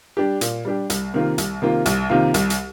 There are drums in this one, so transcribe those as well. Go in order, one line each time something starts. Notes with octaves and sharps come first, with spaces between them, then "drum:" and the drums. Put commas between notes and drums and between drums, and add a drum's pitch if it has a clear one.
G3 D4 G4
A#2, drum: hi-hat
G3 D4 G4
C2, drum: hi-hat
C3 D#3 A#3 F4
C2, drum: hi-hat
C3 D#3 A#3 F4
C2, drum: hi-hat
C3 D#3 A#3 F4
C2, drum: hi-hat
drum: hi-hat